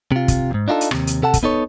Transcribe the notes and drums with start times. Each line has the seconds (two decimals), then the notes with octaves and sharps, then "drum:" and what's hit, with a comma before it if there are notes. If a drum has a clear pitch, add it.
0.12 C3 F4
0.28 drum: kick, hi-hat
0.51 D#2 G#2
0.68 D4 D#4 F4 G4 A4
0.81 drum: hi-hat
0.91 D#2 C3, drum: rim click
1.07 drum: hi-hat
1.22 C3 A4 F#5 A5
1.34 drum: kick, hi-hat
1.43 B3 D#4 A4 C#5